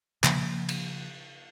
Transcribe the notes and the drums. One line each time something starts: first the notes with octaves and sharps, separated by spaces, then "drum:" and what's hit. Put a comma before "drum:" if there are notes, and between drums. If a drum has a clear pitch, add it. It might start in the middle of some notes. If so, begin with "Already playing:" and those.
C#3 F3 A#3, drum: clap
drum: cymbal